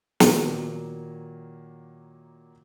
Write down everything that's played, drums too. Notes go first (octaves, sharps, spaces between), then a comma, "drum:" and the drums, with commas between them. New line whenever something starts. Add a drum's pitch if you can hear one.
A#2 D#3 F#3 A#3, drum: snare